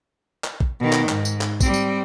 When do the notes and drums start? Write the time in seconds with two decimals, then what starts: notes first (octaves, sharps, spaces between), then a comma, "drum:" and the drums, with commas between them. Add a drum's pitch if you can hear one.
0.44 drum: clap
0.60 drum: kick
0.80 B2 D#3
0.93 drum: clap
1.09 G#2, drum: clap
1.25 drum: tambourine
1.41 drum: clap
1.60 G3 C4, drum: kick, tambourine
1.74 drum: tambourine